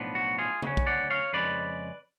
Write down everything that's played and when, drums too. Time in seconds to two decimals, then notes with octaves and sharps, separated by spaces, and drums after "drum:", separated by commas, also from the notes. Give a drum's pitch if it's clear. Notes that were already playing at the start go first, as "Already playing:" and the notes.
Already playing: B1 A2 F3 B3 D4
0.15 F#4
0.38 F4 G#4
0.62 D2 C#3 F#3 C#4, drum: tom
0.77 drum: kick
0.86 D5 F#5
1.10 C#5 F5
1.33 F2 C#3 G#3 B4 D5